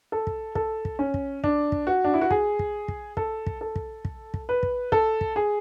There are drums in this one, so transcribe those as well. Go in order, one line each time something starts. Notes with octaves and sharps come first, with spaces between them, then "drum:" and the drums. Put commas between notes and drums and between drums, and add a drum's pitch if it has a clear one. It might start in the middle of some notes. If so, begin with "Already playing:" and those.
A4
drum: kick
A4, drum: kick
drum: kick
C#4
drum: kick
D4, drum: kick
drum: kick
F#4
D4
E4
F#4
G#4, drum: kick
drum: kick
drum: kick
A4, drum: kick
drum: kick
A4
drum: kick
drum: kick
drum: kick
B4
drum: kick
A4, drum: kick
drum: kick
G#4